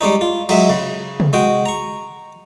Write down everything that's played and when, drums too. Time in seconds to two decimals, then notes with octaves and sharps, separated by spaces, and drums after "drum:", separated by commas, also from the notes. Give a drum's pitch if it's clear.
0.01 G3 G#3 C#4 D#4
0.21 F4
0.49 F#3 G#3 E5, drum: cymbal
0.70 C#3
1.20 drum: tom
1.33 G#3 F#4 G5
1.66 A#5 C#6